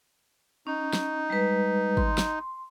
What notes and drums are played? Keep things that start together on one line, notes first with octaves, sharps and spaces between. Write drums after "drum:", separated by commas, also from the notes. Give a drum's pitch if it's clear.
C#4 D#4
drum: snare
G3 G#3 B4
C6, drum: kick G#1
drum: snare